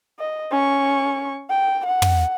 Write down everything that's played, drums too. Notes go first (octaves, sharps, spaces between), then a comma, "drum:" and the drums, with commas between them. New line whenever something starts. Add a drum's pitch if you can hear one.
D#5
C#4 C#6
G5
F#5
drum: tom